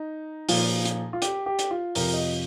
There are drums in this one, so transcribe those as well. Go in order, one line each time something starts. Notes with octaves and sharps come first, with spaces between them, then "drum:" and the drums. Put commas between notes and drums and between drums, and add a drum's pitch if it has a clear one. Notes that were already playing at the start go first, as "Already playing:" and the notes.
Already playing: D#4
A#2 F3, drum: open hi-hat
drum: hi-hat
F4
G4, drum: hi-hat
G4
drum: hi-hat
F4
F2 C3 F3 A#4, drum: open hi-hat
D#5